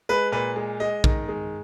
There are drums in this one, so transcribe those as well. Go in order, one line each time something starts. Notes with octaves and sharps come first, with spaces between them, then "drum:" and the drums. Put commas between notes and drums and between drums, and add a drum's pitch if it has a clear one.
G#3 B4
A#2 B4
G#3
G#3 D#5
D#3, drum: kick
G#3